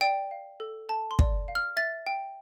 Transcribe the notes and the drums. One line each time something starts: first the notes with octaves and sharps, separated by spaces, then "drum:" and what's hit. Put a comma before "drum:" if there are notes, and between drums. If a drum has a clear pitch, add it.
D5 G5
F5
A4
A4 A5
C6
D5, drum: kick
F5
F6
E5 A6
G5